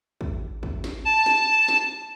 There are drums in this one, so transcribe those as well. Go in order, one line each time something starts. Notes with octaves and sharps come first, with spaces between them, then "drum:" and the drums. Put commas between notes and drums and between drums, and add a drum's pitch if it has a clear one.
drum: kick
drum: kick
drum: snare
A5
drum: snare
drum: snare